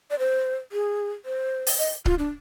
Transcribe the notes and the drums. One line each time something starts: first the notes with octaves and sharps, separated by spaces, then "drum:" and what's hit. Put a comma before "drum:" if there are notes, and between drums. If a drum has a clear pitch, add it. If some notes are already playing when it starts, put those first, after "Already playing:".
D5
C5
G#4
C5
drum: open hi-hat
D#5
F4, drum: kick C#1
D4